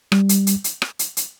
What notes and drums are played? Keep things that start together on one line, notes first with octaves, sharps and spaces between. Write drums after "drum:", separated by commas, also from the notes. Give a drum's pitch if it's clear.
G3, drum: rim click
drum: hi-hat
drum: hi-hat
drum: hi-hat
drum: rim click
drum: hi-hat
drum: hi-hat